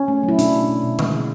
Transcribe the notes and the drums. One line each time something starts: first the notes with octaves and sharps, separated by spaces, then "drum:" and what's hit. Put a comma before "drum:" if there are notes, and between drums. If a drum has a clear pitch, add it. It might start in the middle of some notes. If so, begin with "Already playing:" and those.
Already playing: C#4
A3
F#3
E4
B2 D4, drum: hi-hat
B2
B2
B2
G#3, drum: tom D3
B2